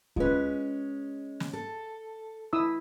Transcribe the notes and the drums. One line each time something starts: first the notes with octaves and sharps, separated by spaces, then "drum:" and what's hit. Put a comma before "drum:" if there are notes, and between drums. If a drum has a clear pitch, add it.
G#3 C#4 F4 B4, drum: kick D2
drum: snare
A4
E4 D#6 E6